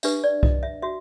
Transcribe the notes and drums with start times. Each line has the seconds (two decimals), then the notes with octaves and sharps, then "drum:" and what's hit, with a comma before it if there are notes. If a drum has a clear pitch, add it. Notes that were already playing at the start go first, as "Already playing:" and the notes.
0.03 D4 G4 B4 E5, drum: tambourine
0.24 D5
0.43 D#5, drum: kick C2
0.63 E5
0.82 F#4 E5